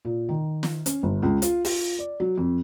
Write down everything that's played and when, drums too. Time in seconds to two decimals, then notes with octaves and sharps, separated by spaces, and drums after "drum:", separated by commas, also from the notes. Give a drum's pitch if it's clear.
0.05 A#2
0.29 D#3
0.63 drum: snare
0.86 C#4, drum: hi-hat
1.03 G1
1.23 C#2
1.42 F4, drum: hi-hat
1.65 F4, drum: open hi-hat
1.99 D5
2.20 F#3
2.38 F2